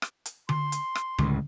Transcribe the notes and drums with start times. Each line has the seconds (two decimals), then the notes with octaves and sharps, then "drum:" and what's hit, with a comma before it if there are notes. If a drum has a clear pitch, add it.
0.02 drum: rim click
0.26 drum: hi-hat
0.49 C6, drum: tom D3
0.72 drum: hi-hat
0.95 drum: rim click
1.18 C#2 A2, drum: tom D3